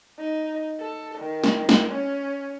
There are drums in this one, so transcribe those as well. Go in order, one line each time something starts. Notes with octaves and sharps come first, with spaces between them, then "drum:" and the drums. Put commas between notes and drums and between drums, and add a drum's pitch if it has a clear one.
D#4
A4
D#3
drum: snare
drum: snare
C#4